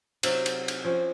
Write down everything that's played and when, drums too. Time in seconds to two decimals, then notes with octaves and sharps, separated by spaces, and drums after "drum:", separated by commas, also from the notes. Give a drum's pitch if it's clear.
0.23 C3 F#3, drum: cymbal
0.46 drum: cymbal
0.68 drum: cymbal
0.85 F3 C#4